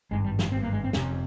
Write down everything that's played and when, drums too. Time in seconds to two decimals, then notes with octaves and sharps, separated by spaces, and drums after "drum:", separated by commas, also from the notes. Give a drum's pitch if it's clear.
0.11 G#1 G2 G#3
0.24 G3
0.39 F3, drum: snare
0.52 G#1 G2 C4
0.63 A#3
0.73 G#3
0.84 C4
0.93 F1 F2 C3 C#4, drum: snare